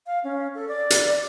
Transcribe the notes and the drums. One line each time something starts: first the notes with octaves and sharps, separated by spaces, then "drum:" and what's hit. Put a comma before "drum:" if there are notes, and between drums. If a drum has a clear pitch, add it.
F5
C#4
A4
D5
drum: hi-hat